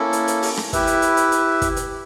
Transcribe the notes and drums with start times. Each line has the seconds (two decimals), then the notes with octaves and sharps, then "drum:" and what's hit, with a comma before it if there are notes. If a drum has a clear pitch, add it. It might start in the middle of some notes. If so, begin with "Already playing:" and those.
Already playing: A#3 C#4 E4 A4
0.13 drum: hi-hat
0.28 drum: hi-hat
0.42 drum: open hi-hat
0.57 drum: rim click
0.73 E4 G4 B4 E5, drum: kick, hi-hat
0.87 drum: hi-hat
1.02 drum: hi-hat
1.17 drum: hi-hat
1.32 drum: hi-hat
1.62 drum: kick, hi-hat
1.76 drum: hi-hat